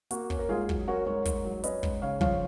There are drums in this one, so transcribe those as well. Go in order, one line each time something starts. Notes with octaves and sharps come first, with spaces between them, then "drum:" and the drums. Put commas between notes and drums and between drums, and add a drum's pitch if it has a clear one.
A#3 F#4, drum: hi-hat
C#4, drum: kick
A#4
G#2 F4 G#4
F#3, drum: kick
C#4 F#4 A#4
G#2 A#4 C#5
G#2, drum: kick, hi-hat
F#3
C#4 B4 D#5, drum: hi-hat
G#2, drum: kick
C#3 C#5 F5
F3 C#5 F5, drum: kick